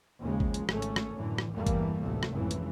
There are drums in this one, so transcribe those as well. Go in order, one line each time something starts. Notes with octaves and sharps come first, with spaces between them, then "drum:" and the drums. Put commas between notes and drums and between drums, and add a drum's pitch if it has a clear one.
D#2 C#3 F3 G#3
drum: kick G#1
drum: hi-hat
G#1 A3 C#4, drum: rim click
drum: hi-hat
drum: rim click
F#2 A2 D3 E3
drum: rim click
E2 G2 E3 G3 A3 A#3
drum: kick G#1, hi-hat
A1 D2 C3 A3
drum: rim click
G#1 F2 G#2 C#3 E3
drum: hi-hat